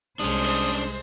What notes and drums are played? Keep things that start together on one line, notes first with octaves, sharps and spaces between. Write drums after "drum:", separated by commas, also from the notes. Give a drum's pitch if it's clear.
C2 G#3 C#4 D4 C5 D#6, drum: hi-hat
drum: open hi-hat